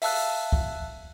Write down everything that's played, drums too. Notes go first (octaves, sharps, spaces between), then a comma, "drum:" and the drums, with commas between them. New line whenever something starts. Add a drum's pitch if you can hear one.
E5 F5 A5 E6 F#6, drum: open hi-hat
drum: kick